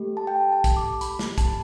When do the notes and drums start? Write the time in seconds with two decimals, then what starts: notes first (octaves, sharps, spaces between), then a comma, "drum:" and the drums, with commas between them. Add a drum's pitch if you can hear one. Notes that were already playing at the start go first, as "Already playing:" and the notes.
Already playing: A3 G4
0.17 A5
0.27 G5
0.52 A5
0.64 drum: kick, hi-hat
0.77 D6
1.01 B5, drum: hi-hat
1.19 drum: snare
1.38 A5, drum: kick, hi-hat